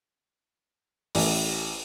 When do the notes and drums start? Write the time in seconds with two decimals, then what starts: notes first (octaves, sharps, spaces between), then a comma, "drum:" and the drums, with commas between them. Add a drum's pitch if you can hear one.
1.15 A1, drum: open hi-hat